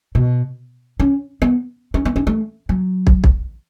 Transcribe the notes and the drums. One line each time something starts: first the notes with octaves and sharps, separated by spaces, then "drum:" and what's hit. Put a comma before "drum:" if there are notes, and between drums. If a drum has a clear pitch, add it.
B2
C#4
B3
C#4
B3
C#4
A3
F#3
drum: kick
drum: kick